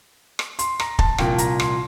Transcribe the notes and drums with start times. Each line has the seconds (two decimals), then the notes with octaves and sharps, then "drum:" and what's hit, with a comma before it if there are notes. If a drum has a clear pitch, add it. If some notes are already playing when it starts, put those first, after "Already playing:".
0.39 drum: rim click
0.59 C6, drum: hi-hat
0.80 A#5, drum: rim click
0.99 A5, drum: kick
1.18 C2 A#2 F3 G5, drum: rim click
1.38 A#5, drum: hi-hat
1.60 C6, drum: rim click